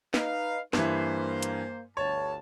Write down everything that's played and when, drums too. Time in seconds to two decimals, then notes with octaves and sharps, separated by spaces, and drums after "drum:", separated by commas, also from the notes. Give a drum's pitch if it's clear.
0.14 D#4 B4 F5, drum: snare
0.73 G2 E3 A#3 C5, drum: snare
1.43 drum: hi-hat
1.97 G1 D2 C#5 A5